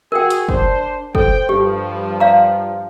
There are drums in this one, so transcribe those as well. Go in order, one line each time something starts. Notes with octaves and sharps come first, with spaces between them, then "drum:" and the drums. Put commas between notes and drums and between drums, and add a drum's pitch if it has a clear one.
F#4 G#4 A#4 G5
drum: hi-hat
D4 C5, drum: kick
A4 C5 G5, drum: kick
G2 F3 G4
D5 F5 A#5